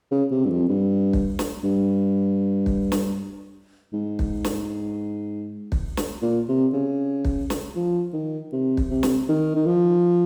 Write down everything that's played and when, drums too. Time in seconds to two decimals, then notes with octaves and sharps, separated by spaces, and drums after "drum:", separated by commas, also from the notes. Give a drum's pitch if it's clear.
0.11 C#3
0.31 C3
0.46 G2
0.50 F2
0.68 G2
1.13 drum: kick
1.39 drum: snare
1.64 G2
2.66 drum: kick
2.92 drum: snare
3.93 G#2
4.19 drum: kick
4.44 drum: snare
5.72 drum: kick
5.97 drum: snare
6.22 A#2
6.49 C3
6.73 C#3
7.25 drum: kick
7.50 drum: snare
7.76 F3
8.13 D#3
8.52 C3
8.77 drum: kick
8.90 C3
9.03 drum: snare
9.29 D#3
9.55 D#3
9.66 F3